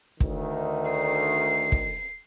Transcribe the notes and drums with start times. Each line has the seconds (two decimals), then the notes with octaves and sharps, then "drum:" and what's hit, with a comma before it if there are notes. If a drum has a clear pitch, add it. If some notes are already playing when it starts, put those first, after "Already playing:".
0.20 D2 D#3, drum: kick
0.91 C7
1.72 drum: kick